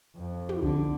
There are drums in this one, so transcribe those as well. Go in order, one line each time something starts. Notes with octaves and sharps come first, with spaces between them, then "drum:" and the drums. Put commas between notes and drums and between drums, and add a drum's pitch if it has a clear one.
F2
drum: tom
D3, drum: kick